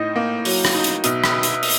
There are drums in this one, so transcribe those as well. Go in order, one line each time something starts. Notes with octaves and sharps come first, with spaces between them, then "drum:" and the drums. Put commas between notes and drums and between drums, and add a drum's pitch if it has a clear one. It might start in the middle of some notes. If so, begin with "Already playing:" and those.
Already playing: A2 D#4 D#5
A#3
F#3, drum: open hi-hat
drum: rim click
D#4
drum: hi-hat
B2 E5, drum: hi-hat
drum: rim click
drum: hi-hat
drum: open hi-hat